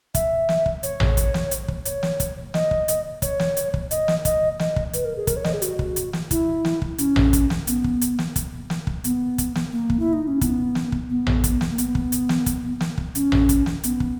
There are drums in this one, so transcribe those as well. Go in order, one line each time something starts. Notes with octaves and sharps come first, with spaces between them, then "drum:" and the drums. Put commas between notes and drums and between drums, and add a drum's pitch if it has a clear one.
E5, drum: kick, hi-hat
drum: snare
drum: kick
C#5, drum: hi-hat
drum: tom A1
drum: kick, hi-hat
drum: snare
drum: hi-hat
drum: kick
C#5, drum: hi-hat
drum: snare
drum: kick, hi-hat
D#5, drum: snare
drum: kick
drum: hi-hat
C#5, drum: kick, hi-hat
drum: snare
drum: hi-hat
drum: kick
D#5, drum: hi-hat
drum: snare
D#5, drum: kick, hi-hat
D#5, drum: snare
drum: kick
B4, drum: hi-hat
A#4
G#4
A#4, drum: kick, hi-hat
C#5
D#5, drum: snare
G#4
F#4, drum: hi-hat
drum: kick
drum: hi-hat
drum: snare
E4, drum: kick, hi-hat
drum: snare
drum: kick
C#4, drum: hi-hat
drum: tom A1
drum: kick, hi-hat
drum: snare
B3, drum: hi-hat
drum: kick
drum: hi-hat
drum: snare
drum: kick, hi-hat
drum: snare
drum: kick
B3, drum: hi-hat
drum: kick, hi-hat
drum: snare
A#3
drum: kick
E4
D#4
C#4
B3, drum: kick, hi-hat
drum: snare
drum: kick
B3
drum: tom A1
drum: kick, hi-hat
drum: snare
A#3
B3, drum: hi-hat
drum: kick
drum: hi-hat
drum: snare
drum: kick, hi-hat
drum: snare
drum: kick
C#4, drum: hi-hat
drum: tom A1
drum: kick, hi-hat
drum: snare
B3, drum: hi-hat
drum: kick